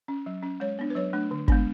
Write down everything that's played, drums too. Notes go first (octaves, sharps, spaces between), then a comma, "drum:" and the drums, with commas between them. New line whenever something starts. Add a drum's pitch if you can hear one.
C#4
F#3
C#4
G#3 C#5
B3 D4
B4
F#3 C#5
A3 D4
D3
G#3 B3 D4, drum: kick G1